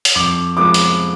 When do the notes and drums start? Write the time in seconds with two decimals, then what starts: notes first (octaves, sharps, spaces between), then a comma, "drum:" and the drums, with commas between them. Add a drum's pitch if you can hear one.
0.05 drum: hi-hat
0.16 F2 D6
0.57 F3 G#3 B3 D6
0.74 drum: hi-hat